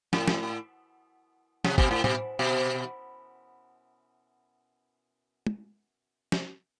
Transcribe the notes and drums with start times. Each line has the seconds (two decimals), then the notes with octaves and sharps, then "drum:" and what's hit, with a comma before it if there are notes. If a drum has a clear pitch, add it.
0.13 A2, drum: snare
0.28 drum: snare
1.65 C3, drum: snare
1.78 B2, drum: kick G1
1.91 A2
2.04 B2, drum: tom A2
2.39 B2
5.47 drum: tom
6.32 drum: snare